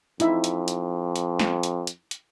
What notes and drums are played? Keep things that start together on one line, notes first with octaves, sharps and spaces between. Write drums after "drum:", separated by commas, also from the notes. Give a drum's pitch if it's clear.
F2 D#4 E4 E5, drum: hi-hat
drum: hi-hat
drum: hi-hat
drum: hi-hat
drum: snare
drum: hi-hat
drum: hi-hat
drum: hi-hat